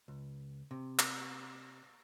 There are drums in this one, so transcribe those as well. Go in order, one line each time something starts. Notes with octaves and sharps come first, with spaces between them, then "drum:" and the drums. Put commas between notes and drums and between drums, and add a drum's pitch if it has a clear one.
C#2
C3
drum: clap